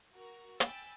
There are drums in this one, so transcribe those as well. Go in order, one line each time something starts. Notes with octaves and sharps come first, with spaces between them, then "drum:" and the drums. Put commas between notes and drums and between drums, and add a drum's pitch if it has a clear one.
F#4 A#4
G5 G#5 B5 E6 A6, drum: hi-hat